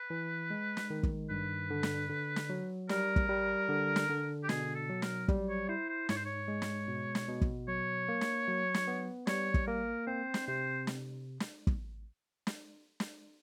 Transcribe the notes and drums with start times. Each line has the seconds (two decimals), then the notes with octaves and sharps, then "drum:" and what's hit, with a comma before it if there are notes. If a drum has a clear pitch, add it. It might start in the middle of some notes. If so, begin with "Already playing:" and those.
Already playing: B4
0.10 E3
0.50 G#3
0.77 drum: snare
0.90 D#3
1.03 drum: kick
1.30 G2 B4
1.70 D3
1.83 drum: snare
2.09 D3
2.36 drum: snare
2.50 F#3
2.89 G3 A#4, drum: snare
3.16 drum: kick
3.29 G3
3.69 D3
3.96 drum: snare
4.09 D3
4.44 G4
4.49 B2 G#4, drum: snare
4.75 A4
4.89 F#3
5.02 A#4, drum: snare
5.28 G3, drum: kick
5.49 C#5
5.68 E4 C5
5.89 C5
6.09 G#2 C#5, drum: snare
6.16 C5
6.25 C#5
6.48 G#3
6.62 drum: snare
6.88 B2
7.15 drum: snare
7.28 B2
7.41 drum: kick
7.68 F#3 C#5
8.09 A#3
8.21 drum: snare
8.48 F#3
8.74 drum: snare
8.88 B3
9.27 G3 C#5, drum: snare
9.54 drum: kick
9.67 A#3 A#4
10.07 C4 C5
10.34 drum: snare
10.47 C3 C5
10.87 drum: snare
11.40 drum: snare
11.67 drum: kick
12.47 drum: snare
13.00 drum: snare